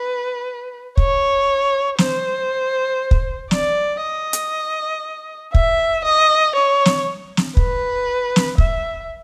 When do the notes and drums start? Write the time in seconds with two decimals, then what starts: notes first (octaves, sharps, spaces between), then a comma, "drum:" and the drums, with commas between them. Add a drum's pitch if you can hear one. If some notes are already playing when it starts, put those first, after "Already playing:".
Already playing: B4
0.97 C#5, drum: kick
1.98 C5, drum: snare
3.11 drum: kick
3.51 D5, drum: snare
4.02 D#5
4.33 drum: hi-hat
5.54 E5, drum: kick
6.05 D#5
6.55 C#5
6.85 drum: snare
7.37 drum: snare
7.57 B4, drum: kick
8.36 drum: snare
8.58 E5, drum: kick